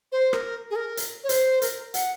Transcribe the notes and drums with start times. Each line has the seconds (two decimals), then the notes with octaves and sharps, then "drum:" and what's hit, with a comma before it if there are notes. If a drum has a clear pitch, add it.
0.12 C5
0.33 A#4, drum: rim click
0.71 G#4
0.76 A#4
0.97 drum: hi-hat
1.24 C#5
1.29 C5, drum: hi-hat
1.62 A#4, drum: hi-hat
1.94 F#5, drum: hi-hat